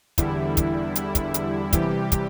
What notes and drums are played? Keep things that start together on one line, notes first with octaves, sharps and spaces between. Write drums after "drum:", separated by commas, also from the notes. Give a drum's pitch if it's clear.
E2 D3 G3 E4, drum: kick, hi-hat
drum: kick, hi-hat
E4, drum: hi-hat
drum: kick, hi-hat
drum: hi-hat
C3 E3 G3 G4, drum: kick, hi-hat
drum: kick, hi-hat